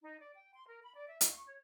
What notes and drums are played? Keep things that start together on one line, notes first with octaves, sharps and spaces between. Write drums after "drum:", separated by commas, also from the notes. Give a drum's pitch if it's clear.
D#4
D5
G5
C6
A#4
B5
D5
E5
F5, drum: hi-hat
C#6
C#5